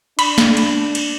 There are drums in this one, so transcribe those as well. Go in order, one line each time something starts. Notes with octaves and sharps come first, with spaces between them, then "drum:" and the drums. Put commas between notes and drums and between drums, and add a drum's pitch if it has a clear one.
D4 B5, drum: cymbal
drum: snare
drum: cymbal
drum: cymbal